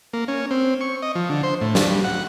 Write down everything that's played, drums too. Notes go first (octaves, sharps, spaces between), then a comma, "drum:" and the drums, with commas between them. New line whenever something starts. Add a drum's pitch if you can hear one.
A#3
C#4
C4
C#6
D#5
F3
D3
C5
A2
D4, drum: snare
G3
F#5